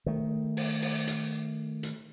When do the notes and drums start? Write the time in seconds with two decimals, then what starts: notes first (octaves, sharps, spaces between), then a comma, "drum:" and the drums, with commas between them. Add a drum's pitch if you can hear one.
0.06 D#3 A3
0.57 drum: open hi-hat
0.82 drum: open hi-hat
1.07 drum: hi-hat
1.83 drum: hi-hat